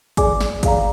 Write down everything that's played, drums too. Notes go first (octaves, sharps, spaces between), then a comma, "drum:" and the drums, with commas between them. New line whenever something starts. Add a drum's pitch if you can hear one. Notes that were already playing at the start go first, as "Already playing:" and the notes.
G#4 D5 G#5 D6, drum: kick, hi-hat
drum: snare
G#4 D5 F5 A#5, drum: kick, hi-hat